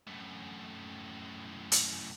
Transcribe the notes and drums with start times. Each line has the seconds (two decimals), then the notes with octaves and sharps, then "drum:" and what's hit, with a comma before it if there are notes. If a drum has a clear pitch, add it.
0.08 F#2 A2
1.72 drum: hi-hat